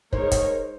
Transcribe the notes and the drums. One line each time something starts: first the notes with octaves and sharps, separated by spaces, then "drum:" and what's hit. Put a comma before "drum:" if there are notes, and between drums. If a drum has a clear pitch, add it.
G#3 D#4 A#4 C5 C#5, drum: kick
drum: kick, hi-hat